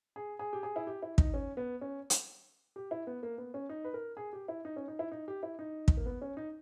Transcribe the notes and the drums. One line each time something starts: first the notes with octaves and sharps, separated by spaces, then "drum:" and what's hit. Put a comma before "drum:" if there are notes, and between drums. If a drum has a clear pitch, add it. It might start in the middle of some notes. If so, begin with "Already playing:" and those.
G#4
G#4
G4
G#4
E4
G4
E4
D#4, drum: kick
C#4
B3
C#4
drum: hi-hat
G4
E4
B3
A#3
B3
C#4
D#4
B4
A#4
G#4
G4
E4
D#4
C#4
D#4
E4
D#4
G4
E4
D#4
drum: kick
A#3
B3
C#4
D#4